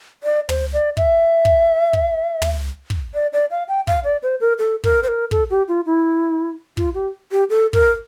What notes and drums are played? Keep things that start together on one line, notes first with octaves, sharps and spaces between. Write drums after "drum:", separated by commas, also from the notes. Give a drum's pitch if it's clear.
D5
C5, drum: tom
D5
E5, drum: kick
drum: kick
drum: kick
drum: tom
drum: kick
D5
D5
F5
G5
F5, drum: kick
D5
C5
A#4
A4
A#4, drum: kick
C5
A#4
A4, drum: kick
G4
F4
E4
F4, drum: kick
G4
G4
A4
A#4, drum: kick